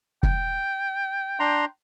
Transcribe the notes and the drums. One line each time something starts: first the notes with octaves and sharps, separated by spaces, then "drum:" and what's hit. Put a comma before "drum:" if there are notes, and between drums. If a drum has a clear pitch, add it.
G5, drum: kick
D4 A#5 C6